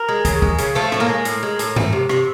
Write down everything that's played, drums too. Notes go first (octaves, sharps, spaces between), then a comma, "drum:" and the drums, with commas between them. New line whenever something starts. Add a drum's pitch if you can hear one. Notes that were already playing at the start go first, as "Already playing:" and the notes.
Already playing: A#4
G#3
C#3, drum: kick, hi-hat
G#3, drum: kick
C#3, drum: hi-hat
F3 A3 A4
A2, drum: rim click
A#3 A#4
G#3
A2, drum: hi-hat
G#3
A2, drum: hi-hat
A3, drum: tom G2
C3
C3, drum: rim click